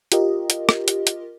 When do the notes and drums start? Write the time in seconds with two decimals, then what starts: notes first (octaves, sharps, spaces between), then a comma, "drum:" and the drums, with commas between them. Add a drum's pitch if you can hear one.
0.12 F4 G4 A#4 D#5, drum: hi-hat
0.50 drum: hi-hat
0.69 drum: rim click
0.88 drum: hi-hat
1.07 drum: hi-hat